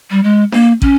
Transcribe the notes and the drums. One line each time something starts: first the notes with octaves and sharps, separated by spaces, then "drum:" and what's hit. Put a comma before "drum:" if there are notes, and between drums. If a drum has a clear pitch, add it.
G3
G#3
A#3, drum: snare D4
C#4, drum: kick